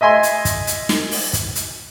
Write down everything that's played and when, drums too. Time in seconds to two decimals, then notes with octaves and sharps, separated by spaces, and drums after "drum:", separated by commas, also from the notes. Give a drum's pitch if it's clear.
0.01 D#5 E5 G#5 C6
0.23 drum: hi-hat
0.45 drum: kick, hi-hat
0.67 drum: hi-hat
0.89 drum: snare
1.11 drum: open hi-hat
1.33 drum: kick, hi-hat
1.55 drum: hi-hat